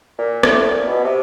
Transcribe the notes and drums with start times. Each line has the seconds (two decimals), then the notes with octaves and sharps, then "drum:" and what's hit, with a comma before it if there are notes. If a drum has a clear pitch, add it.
0.18 A#2
0.43 A2, drum: rim click
0.70 A#2
0.88 B2
1.04 C3